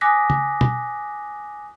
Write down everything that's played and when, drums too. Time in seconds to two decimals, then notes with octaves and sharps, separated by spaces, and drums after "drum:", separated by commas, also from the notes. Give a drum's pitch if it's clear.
0.01 G#5 D6 D#6 F#6 A#6 B6
0.30 drum: tom
0.61 drum: tom